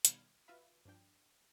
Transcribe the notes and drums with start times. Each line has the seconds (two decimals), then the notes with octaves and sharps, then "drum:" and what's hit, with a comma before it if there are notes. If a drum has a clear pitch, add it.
0.05 B2 D#3 G3 B5 F6 G#6, drum: hi-hat
0.48 F4 F#4 B4 E5 F5 B5
0.85 G2 F3 D4 G5